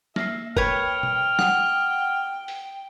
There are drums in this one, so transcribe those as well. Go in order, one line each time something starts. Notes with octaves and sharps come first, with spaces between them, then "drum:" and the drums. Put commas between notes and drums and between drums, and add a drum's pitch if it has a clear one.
A#3 E5 C7, drum: snare
A#4 B4 C#5 G5 F6, drum: kick
drum: tom B2
F#5 D#6, drum: snare
drum: open hi-hat